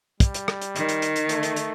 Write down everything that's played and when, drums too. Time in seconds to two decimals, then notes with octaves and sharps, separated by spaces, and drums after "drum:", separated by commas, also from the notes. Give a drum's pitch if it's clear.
0.20 G3, drum: kick, hi-hat
0.34 drum: hi-hat
0.48 drum: rim click
0.62 drum: hi-hat
0.76 D#3, drum: hi-hat
0.89 drum: hi-hat
1.02 drum: hi-hat
1.16 drum: hi-hat
1.29 A3, drum: hi-hat
1.43 drum: hi-hat
1.56 drum: hi-hat